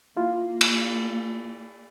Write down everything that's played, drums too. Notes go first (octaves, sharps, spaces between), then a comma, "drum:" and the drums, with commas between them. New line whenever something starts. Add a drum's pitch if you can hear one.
A#3 E4 F4
drum: cymbal